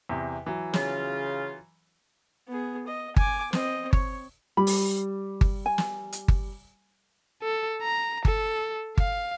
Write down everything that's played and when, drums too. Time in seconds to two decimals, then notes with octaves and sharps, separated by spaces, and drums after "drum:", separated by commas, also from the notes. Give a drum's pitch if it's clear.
0.09 E2 C3
0.46 E3 F#3
0.74 C#3 F4, drum: snare
2.48 B3 G#4
2.87 D#5
3.16 G#5 D6, drum: kick G1
3.53 C4 D#5, drum: snare
3.93 C#5, drum: kick G1
4.57 G3 B5
4.67 drum: open hi-hat
5.41 drum: kick G1
5.66 G#5
5.78 drum: snare
6.12 drum: hi-hat
6.28 drum: kick G1
7.43 A4
7.82 A#5
8.25 A4, drum: kick G1
8.98 F5, drum: kick G1